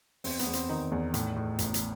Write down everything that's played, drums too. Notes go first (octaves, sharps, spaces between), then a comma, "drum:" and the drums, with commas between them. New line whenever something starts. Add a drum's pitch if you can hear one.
E2 C4, drum: open hi-hat
B3, drum: hi-hat
E2
C4, drum: hi-hat
D#3 D#4
E2
A2, drum: hi-hat
A2
A1, drum: hi-hat
drum: hi-hat